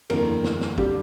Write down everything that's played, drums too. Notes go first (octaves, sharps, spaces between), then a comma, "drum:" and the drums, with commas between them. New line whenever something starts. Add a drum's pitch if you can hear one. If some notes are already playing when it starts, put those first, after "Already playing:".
F#1 E2 D3 A#3 A#4, drum: cymbal
drum: snare
drum: snare
D3 G3 G4, drum: kick